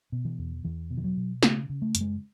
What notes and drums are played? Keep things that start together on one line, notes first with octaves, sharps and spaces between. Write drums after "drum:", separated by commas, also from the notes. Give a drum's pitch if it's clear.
B2
E3
E2
E2 E3
B2
E3
F#3
B2
C#3 A3, drum: snare
C#3
A3
F#2, drum: hi-hat
G#3